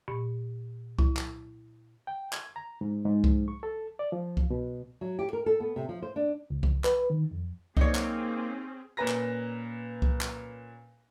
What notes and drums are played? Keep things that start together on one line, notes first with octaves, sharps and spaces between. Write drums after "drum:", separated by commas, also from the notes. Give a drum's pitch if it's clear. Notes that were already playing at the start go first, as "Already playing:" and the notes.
A#2
E4, drum: kick C2
drum: clap
G5
G#6, drum: clap
A#5
G#2
G#2
drum: kick C2
C#6
A4
D5
F3
drum: kick C2
B2
F#3
G4
A#4
A4
B3
C3
F3
C5
D4
C#2
drum: kick C2
B4, drum: clap
D#3
F2
A#3 C4 C#4 D#4 G#4 C#5, drum: kick C2
drum: clap
A#2 C#4 B4 A#5 A#6
drum: clap
drum: kick C2
drum: clap